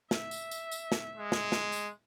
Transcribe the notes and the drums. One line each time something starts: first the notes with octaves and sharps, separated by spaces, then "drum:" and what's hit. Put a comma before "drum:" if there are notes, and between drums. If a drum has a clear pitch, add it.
E5, drum: snare
drum: tambourine
drum: tambourine
drum: tambourine
drum: snare
G#3
drum: snare
drum: snare
drum: tambourine